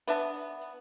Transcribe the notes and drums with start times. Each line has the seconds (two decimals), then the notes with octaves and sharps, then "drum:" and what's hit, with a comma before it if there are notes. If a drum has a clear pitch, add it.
0.08 B3 D4 E5 A5, drum: hi-hat
0.34 drum: hi-hat
0.61 drum: hi-hat